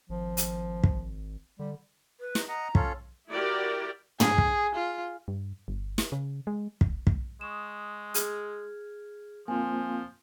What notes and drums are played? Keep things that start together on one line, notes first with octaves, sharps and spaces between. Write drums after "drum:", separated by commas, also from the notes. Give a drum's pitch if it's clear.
G#1 F3
drum: hi-hat
drum: kick
D3 G3
B4
D#4, drum: snare
D#5 F#5 A#5
C#4 F4 A4, drum: kick
E4 F#4 G4 A#4 D5
G#4, drum: tom
drum: kick
F4
G2
G1
drum: snare
C#3
G#3
D#1, drum: kick
A1, drum: kick
G#3 C#6 D#6 E7
G#4 F6 G#6, drum: hi-hat
F3 A#3 C4 F4 G#5